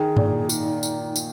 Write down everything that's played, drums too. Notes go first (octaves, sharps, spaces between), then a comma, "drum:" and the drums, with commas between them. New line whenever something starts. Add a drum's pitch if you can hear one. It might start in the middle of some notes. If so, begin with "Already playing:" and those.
Already playing: D#3 G#4
A#2, drum: tom G2
D#4, drum: tambourine
drum: tambourine
drum: tambourine